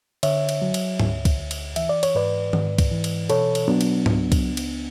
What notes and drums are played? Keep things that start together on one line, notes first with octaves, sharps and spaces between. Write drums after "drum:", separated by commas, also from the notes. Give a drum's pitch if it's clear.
D3 C#5 E5, drum: cymbal
drum: cymbal
F#3
drum: cymbal
D2, drum: tom G#2
drum: kick C2, cymbal
D2
drum: cymbal
E3 E5, drum: cymbal
D5
C#5, drum: cymbal
G#2 B4 D5
G#2, drum: tom D#3
drum: kick C2, cymbal
E3
drum: cymbal
B2 A4 C#5, drum: cymbal
drum: cymbal
F#3 B3 D4
drum: cymbal
C#2, drum: tom G#2
drum: kick C2, cymbal
C#2
drum: cymbal